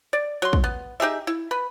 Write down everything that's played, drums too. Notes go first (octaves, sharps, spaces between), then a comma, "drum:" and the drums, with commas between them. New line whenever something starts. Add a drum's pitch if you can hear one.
D5
F#3 C6
drum: kick
B3
D#4 G4 G#4 E5
E4
B4